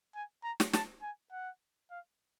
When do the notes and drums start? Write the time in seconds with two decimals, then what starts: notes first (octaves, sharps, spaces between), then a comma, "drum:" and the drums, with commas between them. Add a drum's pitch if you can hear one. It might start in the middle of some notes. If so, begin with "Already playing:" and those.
0.15 G#5
0.43 A#5
0.60 drum: snare
0.73 A5, drum: snare
1.02 G#5
1.32 F#5
1.91 F5